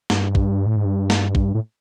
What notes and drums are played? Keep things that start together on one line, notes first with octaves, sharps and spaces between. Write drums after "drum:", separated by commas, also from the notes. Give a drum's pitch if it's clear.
G2, drum: snare
drum: kick
A2
G#2
G2
drum: snare
drum: kick
A2